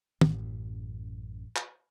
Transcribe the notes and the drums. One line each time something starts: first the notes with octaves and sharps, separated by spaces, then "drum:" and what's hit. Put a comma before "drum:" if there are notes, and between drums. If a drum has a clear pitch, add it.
A1 F#2, drum: tom
drum: clap